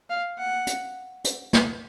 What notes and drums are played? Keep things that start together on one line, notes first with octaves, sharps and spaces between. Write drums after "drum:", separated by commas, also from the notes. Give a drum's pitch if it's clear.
F5
F#5
drum: hi-hat
drum: hi-hat
drum: snare